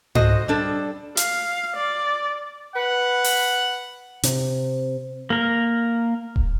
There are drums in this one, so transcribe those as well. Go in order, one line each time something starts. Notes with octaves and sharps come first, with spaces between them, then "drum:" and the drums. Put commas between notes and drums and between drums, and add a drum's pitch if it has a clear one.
F#4 A4 C5 D#5, drum: tom G#2
G3 D4 A4
F5, drum: hi-hat
D5
B4 F#5
drum: open hi-hat
C3, drum: hi-hat
A#3 A#4
drum: kick D#1